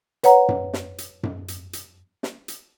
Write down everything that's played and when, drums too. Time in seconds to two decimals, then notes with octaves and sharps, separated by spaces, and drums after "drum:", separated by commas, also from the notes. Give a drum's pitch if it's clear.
0.24 B4 C#5 F#5 A#5, drum: hi-hat
0.48 drum: tom F#2
0.73 drum: snare
0.98 drum: hi-hat
1.23 drum: tom F#2
1.48 drum: hi-hat
1.73 drum: hi-hat
2.23 drum: snare
2.48 drum: hi-hat